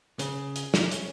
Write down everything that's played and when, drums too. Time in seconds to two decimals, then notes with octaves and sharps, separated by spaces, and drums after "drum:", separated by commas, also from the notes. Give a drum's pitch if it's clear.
0.19 C#3 G#4, drum: hi-hat
0.56 G#4, drum: hi-hat
0.74 drum: snare
0.91 C#4, drum: hi-hat